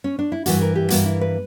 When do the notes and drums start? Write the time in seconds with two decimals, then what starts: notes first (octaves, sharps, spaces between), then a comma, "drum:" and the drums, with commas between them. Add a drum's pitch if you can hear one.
0.04 C#4
0.19 D4
0.32 E4
0.46 G2 E3 A#3 F#4, drum: hi-hat
0.61 A#4
0.76 G4
0.90 G2 E3 A#3 F#4, drum: hi-hat
1.06 E4
1.21 B4